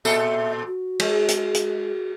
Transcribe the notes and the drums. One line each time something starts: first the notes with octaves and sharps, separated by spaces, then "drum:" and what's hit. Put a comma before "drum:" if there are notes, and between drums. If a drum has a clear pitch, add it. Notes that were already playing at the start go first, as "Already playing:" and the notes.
A#2 A4 E5, drum: tambourine
F#4
G#3, drum: cymbal
drum: hi-hat
drum: hi-hat